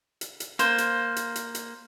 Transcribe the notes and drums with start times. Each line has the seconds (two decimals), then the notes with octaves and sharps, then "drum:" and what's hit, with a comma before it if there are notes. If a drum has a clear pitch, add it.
0.21 drum: hi-hat
0.40 drum: hi-hat
0.59 A#3 C5, drum: hi-hat
0.78 drum: hi-hat
1.16 drum: hi-hat
1.36 drum: hi-hat
1.55 drum: hi-hat